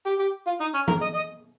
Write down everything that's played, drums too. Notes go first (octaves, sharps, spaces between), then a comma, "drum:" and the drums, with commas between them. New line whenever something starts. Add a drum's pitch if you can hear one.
G4
G4
F4
D#4
C#4
A#4, drum: tom E3
D#5
D#5